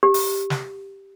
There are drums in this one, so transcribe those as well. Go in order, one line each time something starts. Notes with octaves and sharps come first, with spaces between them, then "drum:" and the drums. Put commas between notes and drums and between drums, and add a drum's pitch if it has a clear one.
G4
drum: open hi-hat
drum: snare